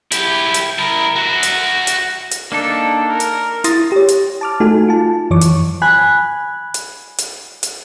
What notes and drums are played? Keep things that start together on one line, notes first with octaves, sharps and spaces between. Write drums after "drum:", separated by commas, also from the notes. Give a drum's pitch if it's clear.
E4 G4, drum: hi-hat
drum: hi-hat
E4 A#4
F#4 E5
drum: hi-hat
drum: hi-hat
drum: hi-hat
A#3 D4 D#4 A4
A#4
drum: hi-hat
E4 C6 D#6 A6 A#6, drum: hi-hat
G4 C#5
drum: hi-hat
A5 D6 F6
A3 D#4 F#4 A4 G#5
F4 A5
F#2 E3 C#5 C#6 D6
drum: hi-hat
G#5 B5 F#6
drum: hi-hat
drum: hi-hat
drum: hi-hat